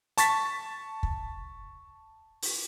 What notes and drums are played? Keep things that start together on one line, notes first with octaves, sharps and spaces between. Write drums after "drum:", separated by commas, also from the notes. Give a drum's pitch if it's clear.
A5 C#6 A6 B6, drum: hi-hat
drum: kick
drum: open hi-hat